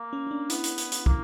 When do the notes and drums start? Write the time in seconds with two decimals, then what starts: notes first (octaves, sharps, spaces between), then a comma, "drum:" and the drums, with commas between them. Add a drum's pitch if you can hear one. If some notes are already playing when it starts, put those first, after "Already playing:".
Already playing: A#3
0.13 C#4
0.27 C#4
0.31 D4
0.50 B3 E4, drum: hi-hat
0.64 drum: hi-hat
0.78 drum: hi-hat
0.92 drum: hi-hat
1.06 A#3, drum: kick